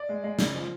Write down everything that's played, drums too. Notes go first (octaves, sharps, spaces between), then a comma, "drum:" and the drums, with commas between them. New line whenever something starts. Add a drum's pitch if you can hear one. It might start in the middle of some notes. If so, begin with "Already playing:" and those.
Already playing: D5
G#3
G#3
C#3, drum: snare
F3